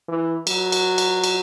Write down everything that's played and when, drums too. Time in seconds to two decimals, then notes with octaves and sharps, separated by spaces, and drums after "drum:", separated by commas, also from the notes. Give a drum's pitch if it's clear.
0.08 E3
0.47 F#3, drum: cymbal
0.72 drum: cymbal
0.98 drum: cymbal
1.24 drum: cymbal